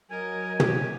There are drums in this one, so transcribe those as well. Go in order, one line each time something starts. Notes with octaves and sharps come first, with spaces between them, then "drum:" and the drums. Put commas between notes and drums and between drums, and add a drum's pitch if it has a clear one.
F#3 A#4 D#5 G#5
G4 D#5, drum: tom